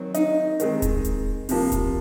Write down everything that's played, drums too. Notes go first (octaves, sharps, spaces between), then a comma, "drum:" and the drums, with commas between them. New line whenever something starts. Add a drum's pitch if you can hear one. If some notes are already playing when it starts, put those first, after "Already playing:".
Already playing: D#3 F#3 C4
D#4, drum: hi-hat
D#3 G#3 C4, drum: hi-hat
drum: kick D#1, hi-hat
drum: hi-hat
C3 F3 A#3, drum: open hi-hat
drum: kick D#1, hi-hat